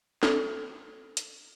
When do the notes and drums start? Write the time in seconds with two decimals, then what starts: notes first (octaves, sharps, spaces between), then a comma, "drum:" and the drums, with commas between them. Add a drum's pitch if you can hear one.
0.23 A4, drum: snare
1.17 drum: hi-hat